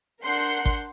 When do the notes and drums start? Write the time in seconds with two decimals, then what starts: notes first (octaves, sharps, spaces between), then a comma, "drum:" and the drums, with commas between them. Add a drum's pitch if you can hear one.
0.23 D4 A#4 F#5 C6 G6 C7
0.65 drum: kick G#1